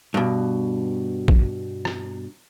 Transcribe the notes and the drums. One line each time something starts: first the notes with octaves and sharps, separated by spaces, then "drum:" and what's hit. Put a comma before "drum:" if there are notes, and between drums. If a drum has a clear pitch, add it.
G2 B2
drum: kick
drum: rim click